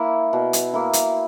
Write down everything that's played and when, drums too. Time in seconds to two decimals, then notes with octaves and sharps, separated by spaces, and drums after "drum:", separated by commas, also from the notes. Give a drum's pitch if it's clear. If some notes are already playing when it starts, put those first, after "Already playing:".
Already playing: A#3 E4
0.33 B2
0.53 drum: hi-hat
0.74 A#3 E4
0.93 drum: hi-hat